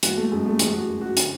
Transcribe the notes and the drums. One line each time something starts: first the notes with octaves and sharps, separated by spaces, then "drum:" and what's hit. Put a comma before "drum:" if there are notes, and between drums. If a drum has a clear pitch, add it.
E3 F#4, drum: hi-hat
A3
F#2 G#3
A3
E3 G#4, drum: hi-hat
F#4
F#2
F#4
D3, drum: hi-hat